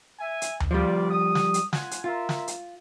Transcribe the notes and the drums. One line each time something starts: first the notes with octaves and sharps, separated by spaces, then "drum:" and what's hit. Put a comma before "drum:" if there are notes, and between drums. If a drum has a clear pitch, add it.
E5 G#5
drum: hi-hat
drum: tom D2
F3 G3 F4 B4 D5
D#6
drum: snare
drum: hi-hat
F4 F#5 G#5, drum: snare
drum: hi-hat
F4 A#4 E5 C6
drum: snare
drum: hi-hat